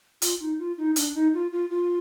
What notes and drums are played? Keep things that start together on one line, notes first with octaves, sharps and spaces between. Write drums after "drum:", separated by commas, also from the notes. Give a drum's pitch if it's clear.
F4, drum: hi-hat
D#4
F4
D#4
D4, drum: hi-hat
D#4
F4
F4
F4